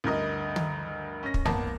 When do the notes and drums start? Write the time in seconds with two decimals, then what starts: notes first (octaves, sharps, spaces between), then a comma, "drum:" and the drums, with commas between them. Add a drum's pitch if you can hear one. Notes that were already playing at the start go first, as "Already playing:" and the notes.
0.04 D2 G2 A#4 D#5
0.56 drum: tom
1.23 C#4 A#6
1.34 drum: kick
1.45 G#1 A#3 B3 A#4 A5, drum: tom